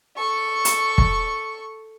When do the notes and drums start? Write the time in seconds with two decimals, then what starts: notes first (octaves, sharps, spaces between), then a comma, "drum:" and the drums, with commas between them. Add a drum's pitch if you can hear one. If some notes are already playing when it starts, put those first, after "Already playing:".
0.17 A4 C#6
0.65 drum: hi-hat
0.98 drum: kick